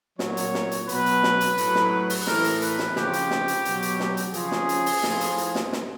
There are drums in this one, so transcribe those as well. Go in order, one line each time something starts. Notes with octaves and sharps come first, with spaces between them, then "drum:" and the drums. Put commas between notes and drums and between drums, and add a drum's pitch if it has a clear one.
A#2 F#3 C#5, drum: snare
drum: hi-hat
drum: snare
drum: hi-hat
B2 F#3 B4, drum: hi-hat
drum: hi-hat
drum: snare
drum: hi-hat
A2 F#3, drum: hi-hat
drum: snare
drum: open hi-hat
A2 E3 A#4, drum: snare
drum: hi-hat
B4, drum: hi-hat
drum: snare
C#3 F3 G4, drum: snare
drum: hi-hat
drum: snare
drum: hi-hat
B2 F#3, drum: hi-hat
drum: hi-hat
drum: snare
drum: hi-hat
C#3 F3 G#4, drum: hi-hat
drum: snare
drum: hi-hat
drum: open hi-hat
A2 F3, drum: snare
drum: hi-hat
drum: hi-hat
drum: snare
drum: snare